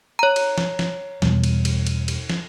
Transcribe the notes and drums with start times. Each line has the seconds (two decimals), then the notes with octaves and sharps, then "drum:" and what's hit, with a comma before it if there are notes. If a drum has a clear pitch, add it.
0.19 C#5 A#5
0.36 drum: cymbal
0.58 drum: snare
0.79 drum: snare
1.22 E2 B2 G3, drum: snare
1.44 drum: cymbal
1.65 drum: cymbal
1.87 drum: cymbal
2.08 drum: cymbal
2.30 drum: snare